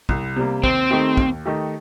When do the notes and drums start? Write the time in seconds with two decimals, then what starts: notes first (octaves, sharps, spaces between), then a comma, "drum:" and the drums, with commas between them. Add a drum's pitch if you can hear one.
0.09 C2, drum: kick
0.36 C3 G3 A#3
0.64 D#2 C4, drum: kick
0.91 D#3 A3 D#4 G4
1.17 D#2, drum: kick
1.46 D#3 A3 D#4 G4